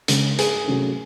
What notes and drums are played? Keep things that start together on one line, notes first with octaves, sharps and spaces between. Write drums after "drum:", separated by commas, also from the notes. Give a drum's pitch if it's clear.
C#3 G#3 C#4, drum: hi-hat
G#4, drum: hi-hat
C3 F#3 A3 C#4